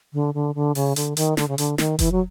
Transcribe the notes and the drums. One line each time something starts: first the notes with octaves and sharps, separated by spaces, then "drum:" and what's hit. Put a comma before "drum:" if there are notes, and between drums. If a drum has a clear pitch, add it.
D3
D3
D3
C#3, drum: open hi-hat
D3, drum: hi-hat
D#3, drum: hi-hat
D3, drum: snare
C#3
D3, drum: hi-hat
D#3, drum: snare
E3, drum: kick F1, hi-hat
F#3